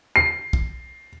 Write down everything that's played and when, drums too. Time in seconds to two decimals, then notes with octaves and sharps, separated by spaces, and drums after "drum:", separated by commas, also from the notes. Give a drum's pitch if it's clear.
0.16 C7
0.53 drum: kick